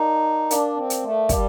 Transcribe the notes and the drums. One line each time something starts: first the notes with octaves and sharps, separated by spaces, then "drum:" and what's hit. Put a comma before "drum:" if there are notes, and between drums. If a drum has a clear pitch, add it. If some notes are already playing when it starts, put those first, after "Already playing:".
Already playing: D#4 A#4 D5 F5 A5 D6
D4 A#4 D5 F5 A5 D6, drum: hi-hat
C4
drum: hi-hat
A3
G3 A#4 D5 F5 A5 D6, drum: kick, hi-hat